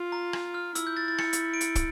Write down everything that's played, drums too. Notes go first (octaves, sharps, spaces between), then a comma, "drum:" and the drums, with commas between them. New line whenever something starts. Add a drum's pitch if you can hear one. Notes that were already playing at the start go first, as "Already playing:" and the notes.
Already playing: F4
A#5
drum: rim click
F6
E4 E6, drum: hi-hat
G6
A6
A6
C#7, drum: rim click
drum: hi-hat
D7
C#7, drum: hi-hat
drum: kick, hi-hat